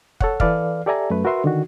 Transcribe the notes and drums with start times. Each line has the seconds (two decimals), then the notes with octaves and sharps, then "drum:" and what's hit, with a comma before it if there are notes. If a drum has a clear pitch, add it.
0.21 A4 C#5 F#5, drum: kick
0.40 E3 A4 B4 D5 F5 F6, drum: kick
0.86 G4 A4 D5 E5 G#5 A#5
1.10 F#2 A3 B4
1.25 F#4 A#4 B4 E5 C6
1.44 D3 D#3 F#4